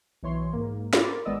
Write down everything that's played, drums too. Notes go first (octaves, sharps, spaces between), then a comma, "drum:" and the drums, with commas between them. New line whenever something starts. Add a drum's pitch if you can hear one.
B1 E3 C#5 C6
G#2 A#3
B5 C6 D6 A6, drum: snare
A#4 A6
G#1 G#3 B3 D5 D#5 E6